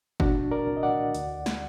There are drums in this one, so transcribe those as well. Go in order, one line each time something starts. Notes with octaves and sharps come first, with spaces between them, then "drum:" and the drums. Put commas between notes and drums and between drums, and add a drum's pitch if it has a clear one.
A#2 D4 F#4, drum: kick
A#4 D5
C2
D#5
D5 F#5
D2, drum: hi-hat
drum: snare